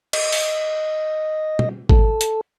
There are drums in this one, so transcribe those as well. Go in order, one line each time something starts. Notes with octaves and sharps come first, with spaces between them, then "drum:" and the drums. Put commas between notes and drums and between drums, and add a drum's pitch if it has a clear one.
D#5, drum: cymbal
drum: open hi-hat
drum: tom
A4, drum: kick G#1
drum: hi-hat